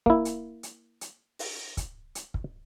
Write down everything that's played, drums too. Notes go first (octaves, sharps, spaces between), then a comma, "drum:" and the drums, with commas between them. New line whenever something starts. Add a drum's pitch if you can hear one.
A#3 E4, drum: kick
drum: hi-hat
drum: hi-hat
drum: hi-hat
drum: open hi-hat
drum: kick, hi-hat
drum: hi-hat
drum: kick